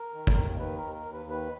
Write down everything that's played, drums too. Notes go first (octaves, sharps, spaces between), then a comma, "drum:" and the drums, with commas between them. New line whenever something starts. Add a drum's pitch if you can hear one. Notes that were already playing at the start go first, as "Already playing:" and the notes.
Already playing: A#4
D#3
drum: kick
D#2
D#3 B4
A#4
D#2
A#4
D#2
B4
D#3 B4